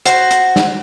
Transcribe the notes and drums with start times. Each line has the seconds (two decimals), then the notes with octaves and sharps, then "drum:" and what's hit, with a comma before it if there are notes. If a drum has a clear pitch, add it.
0.05 F#4 C5, drum: hi-hat
0.31 drum: hi-hat
0.56 drum: snare